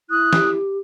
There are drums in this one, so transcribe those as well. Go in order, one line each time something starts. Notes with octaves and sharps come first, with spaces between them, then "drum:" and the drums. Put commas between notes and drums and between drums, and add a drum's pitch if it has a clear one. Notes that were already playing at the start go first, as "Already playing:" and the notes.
E4 D#6 F#6
G4, drum: snare